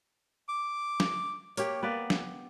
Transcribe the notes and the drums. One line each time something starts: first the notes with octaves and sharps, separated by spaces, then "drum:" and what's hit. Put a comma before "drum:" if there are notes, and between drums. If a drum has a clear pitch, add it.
D6
drum: snare
A#3 G4 C#5, drum: hi-hat
A#3 B3 B4 D5
drum: snare